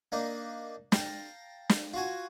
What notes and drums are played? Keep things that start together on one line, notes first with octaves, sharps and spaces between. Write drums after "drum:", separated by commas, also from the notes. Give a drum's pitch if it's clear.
A#3 D4 D#4
F5 G5 A5 A#5, drum: snare
drum: snare
F4 F#4 G#5